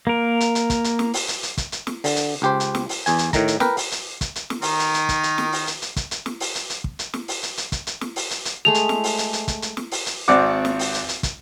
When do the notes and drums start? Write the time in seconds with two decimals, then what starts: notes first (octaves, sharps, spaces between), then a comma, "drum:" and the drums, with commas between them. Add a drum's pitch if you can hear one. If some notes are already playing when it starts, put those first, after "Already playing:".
0.07 A#3 A#4
0.40 drum: hi-hat
0.55 drum: hi-hat
0.70 drum: kick, hi-hat
0.84 drum: hi-hat
0.99 drum: snare
1.14 drum: open hi-hat
1.28 drum: hi-hat
1.43 drum: hi-hat
1.58 drum: kick, hi-hat
1.72 drum: hi-hat
1.87 drum: snare
2.04 D3, drum: open hi-hat
2.16 drum: hi-hat
2.42 C#2 G4 C5
2.60 drum: hi-hat
2.75 drum: snare
2.89 drum: open hi-hat
3.06 E2 G#5, drum: hi-hat
3.18 drum: hi-hat
3.33 A2 D#3 A#5, drum: kick, hi-hat
3.48 drum: hi-hat
3.60 A#4 B4 G5, drum: snare
3.77 drum: open hi-hat
3.92 drum: hi-hat
4.21 drum: kick, hi-hat
4.36 drum: hi-hat
4.50 drum: snare
4.62 D#3 A#4, drum: open hi-hat
4.79 drum: hi-hat
4.94 drum: hi-hat
5.09 drum: kick, hi-hat
5.23 drum: hi-hat
5.38 drum: snare
5.53 drum: open hi-hat
5.67 drum: hi-hat
5.82 drum: hi-hat
5.96 drum: kick, hi-hat
6.11 drum: hi-hat
6.26 drum: snare
6.40 drum: open hi-hat
6.55 drum: hi-hat
6.70 drum: hi-hat
6.84 drum: kick
6.99 drum: hi-hat
7.14 drum: snare
7.28 drum: open hi-hat
7.43 drum: hi-hat
7.57 drum: hi-hat
7.72 drum: kick, hi-hat
7.87 drum: hi-hat
8.01 drum: snare
8.16 drum: open hi-hat
8.31 drum: hi-hat
8.45 drum: hi-hat
8.65 G#3 A3 G#4 F7
8.74 drum: hi-hat
8.89 drum: snare
9.04 drum: open hi-hat
9.18 drum: hi-hat
9.33 drum: hi-hat
9.48 drum: kick, hi-hat
9.62 drum: hi-hat
9.77 drum: snare
9.92 drum: open hi-hat
10.06 drum: hi-hat
10.28 G#1 C4 D5 F#5 D6
10.65 drum: snare
10.79 drum: open hi-hat
10.94 drum: hi-hat
11.09 drum: hi-hat
11.23 drum: kick, hi-hat